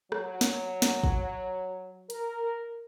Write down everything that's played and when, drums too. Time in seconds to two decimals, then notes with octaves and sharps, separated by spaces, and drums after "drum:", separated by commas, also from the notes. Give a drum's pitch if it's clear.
0.12 F#3, drum: rim click
0.41 drum: snare
0.82 drum: snare
1.04 drum: kick
2.10 A#4, drum: hi-hat